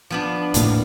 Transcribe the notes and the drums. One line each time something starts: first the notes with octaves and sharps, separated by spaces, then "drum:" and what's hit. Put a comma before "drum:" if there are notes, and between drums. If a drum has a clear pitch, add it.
F3 B3 D4
D2 A2 A#3, drum: hi-hat